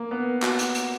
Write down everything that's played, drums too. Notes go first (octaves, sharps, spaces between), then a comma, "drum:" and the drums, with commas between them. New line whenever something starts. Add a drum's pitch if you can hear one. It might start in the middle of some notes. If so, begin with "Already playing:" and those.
Already playing: A#3
B3
F#4, drum: clap
drum: hi-hat
drum: hi-hat